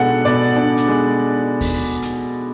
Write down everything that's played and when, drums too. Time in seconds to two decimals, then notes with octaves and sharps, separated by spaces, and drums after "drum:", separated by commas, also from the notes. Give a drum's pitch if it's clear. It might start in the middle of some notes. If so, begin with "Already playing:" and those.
Already playing: B2 G#3 D4 A4 F#5
0.25 B2 D5
0.56 D4
0.77 drum: hi-hat
0.88 G#3
1.61 drum: kick D#2, open hi-hat
2.02 drum: hi-hat